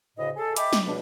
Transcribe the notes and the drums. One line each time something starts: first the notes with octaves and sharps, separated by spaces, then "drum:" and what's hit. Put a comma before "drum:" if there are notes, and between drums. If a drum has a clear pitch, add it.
D2 A2 C#3 D#5
G#4 A4
D#5 E5 G5 B5 D6, drum: hi-hat
drum: snare
C#2 B2 D4